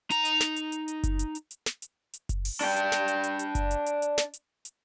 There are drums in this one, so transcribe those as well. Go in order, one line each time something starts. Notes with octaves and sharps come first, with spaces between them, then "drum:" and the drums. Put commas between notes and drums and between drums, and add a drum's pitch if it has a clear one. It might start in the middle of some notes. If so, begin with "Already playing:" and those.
D#4 A#5, drum: hi-hat
drum: hi-hat
drum: snare
drum: hi-hat
drum: hi-hat
drum: hi-hat
drum: kick F#1, hi-hat
drum: hi-hat
drum: hi-hat
drum: hi-hat
drum: snare
drum: hi-hat
drum: hi-hat
drum: kick F#1, hi-hat
drum: open hi-hat
D4 G5, drum: hi-hat
drum: hi-hat
drum: snare
drum: hi-hat
drum: hi-hat
drum: hi-hat
drum: kick F#1, hi-hat
drum: hi-hat
drum: hi-hat
drum: hi-hat
drum: snare
drum: hi-hat
drum: hi-hat